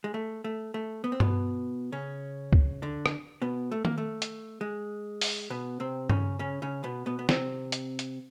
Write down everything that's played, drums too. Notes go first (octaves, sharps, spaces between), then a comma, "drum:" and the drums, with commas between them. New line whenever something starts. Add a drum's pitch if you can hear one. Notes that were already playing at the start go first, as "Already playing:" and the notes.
G#3
A3
A3
A3
B3
C4
B2 B3, drum: tom G2
C#3 C#4
drum: kick C#2
D3 D4
drum: rim click
B2 B3
A3
A#3, drum: tom D#3
A3
drum: hi-hat
G#3
drum: open hi-hat
B2 B3
C3 C4
C#3 C#4, drum: tom G2
C#3 C#4
C#3 C#4
B2 B3
B2 B3
B3
C3 C4, drum: snare
drum: hi-hat
drum: hi-hat